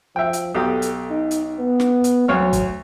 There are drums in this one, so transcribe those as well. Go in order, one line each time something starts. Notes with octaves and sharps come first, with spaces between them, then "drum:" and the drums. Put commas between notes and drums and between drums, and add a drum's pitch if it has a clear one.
F3 E5 G5
drum: hi-hat
B1 G4 A4 D#6
drum: hi-hat
D#4
drum: hi-hat
B3
drum: snare
drum: hi-hat
D2 F#3 C#5 F6
drum: kick, hi-hat